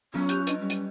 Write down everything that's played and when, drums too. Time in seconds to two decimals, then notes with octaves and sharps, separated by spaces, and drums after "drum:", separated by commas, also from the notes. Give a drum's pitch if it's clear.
0.14 F#3 B3 C#4 F4
0.29 G4 F#6 G6 F7, drum: hi-hat
0.47 D4 B4 D#5, drum: hi-hat
0.60 G3 C#4
0.70 drum: hi-hat